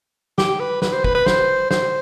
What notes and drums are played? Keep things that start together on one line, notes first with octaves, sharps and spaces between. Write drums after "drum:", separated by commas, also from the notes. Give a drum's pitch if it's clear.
G4, drum: snare
B4
B4, drum: snare
C5
B4, drum: kick
B4
C5, drum: snare
C5, drum: snare